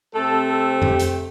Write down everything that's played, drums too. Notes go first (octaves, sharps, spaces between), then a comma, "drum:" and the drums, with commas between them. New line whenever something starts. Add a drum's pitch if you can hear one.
C3 A3 C4 A4
A4
G4, drum: tom F2
drum: hi-hat